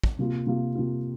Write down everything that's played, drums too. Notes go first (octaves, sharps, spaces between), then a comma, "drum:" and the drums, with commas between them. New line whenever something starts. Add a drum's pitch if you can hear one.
drum: kick
C3 A#3 F4
C3 A#3 F4
C3 A#3 F4